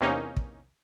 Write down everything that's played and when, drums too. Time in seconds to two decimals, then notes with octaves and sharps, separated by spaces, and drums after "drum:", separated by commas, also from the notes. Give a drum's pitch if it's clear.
0.01 E2 C3 A#3 C#4 D#4
0.37 drum: kick